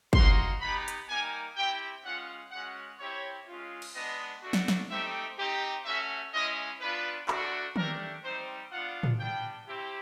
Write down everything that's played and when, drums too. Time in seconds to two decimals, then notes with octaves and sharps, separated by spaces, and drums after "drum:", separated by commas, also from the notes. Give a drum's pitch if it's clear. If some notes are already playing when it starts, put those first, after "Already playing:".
0.13 A#3 D#4 F#4 C6, drum: kick
0.60 B3 D#4 G4 B5
0.88 drum: hi-hat
1.08 G3 A#3 D#4 G#5
1.56 C4 E4 G4 G5
2.04 G#3 C#4 F4 F#5
2.51 G#3 C#4 F#4 F#5
2.99 C4 E4 G4 C#5
3.46 G#3 C#4 F4
3.82 drum: cymbal
3.94 G#3 B3 D4 D#5
4.42 A3 D4 F#4
4.53 drum: snare
4.68 drum: snare
4.89 A3 C4 D#4 G4 E5
5.37 C4 D#4 G4
5.85 A3 C#4 F#4 E5
6.33 G#3 C#4 E4 D#5
6.80 B3 D4 F4 B4
7.28 A3 D4 F#4, drum: clap
7.76 A3 D4 G4 A#4, drum: tom D#3
8.23 G3 C4 D#4 C5
8.71 B3 D4 F4 F#5
9.03 drum: tom A2
9.19 G3 B3 D4 G5
9.66 C4 E4 G4